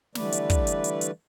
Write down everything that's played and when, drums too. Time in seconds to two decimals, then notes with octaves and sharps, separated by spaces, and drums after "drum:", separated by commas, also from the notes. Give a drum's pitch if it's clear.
0.15 D3 E3 G3 A3 B4 D5, drum: snare
0.32 drum: hi-hat
0.50 drum: kick, hi-hat
0.67 drum: hi-hat
0.84 drum: hi-hat
1.01 drum: hi-hat